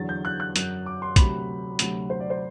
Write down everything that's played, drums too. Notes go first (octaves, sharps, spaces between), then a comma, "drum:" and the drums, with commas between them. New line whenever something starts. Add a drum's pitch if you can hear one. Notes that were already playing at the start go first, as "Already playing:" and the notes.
Already playing: E2 D3 F#3 A6
G6
F#6
F#6
F#2 F#3, drum: hi-hat
D6
C6
D2 C3 F#3 B5, drum: kick A#1, hi-hat
D2 C3 F#3, drum: hi-hat
C5
D5
C5